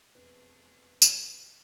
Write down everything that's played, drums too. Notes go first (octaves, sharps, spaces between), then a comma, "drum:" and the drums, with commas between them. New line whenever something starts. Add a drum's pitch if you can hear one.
E1 F2 A3 G#4 B4
drum: tambourine